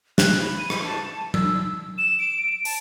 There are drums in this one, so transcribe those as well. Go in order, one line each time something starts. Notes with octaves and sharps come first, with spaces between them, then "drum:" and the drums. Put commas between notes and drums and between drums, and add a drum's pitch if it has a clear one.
F#6, drum: snare
B5
D#7
B5, drum: rim click
A5
E6, drum: tom F#3
E7
D7
A5, drum: open hi-hat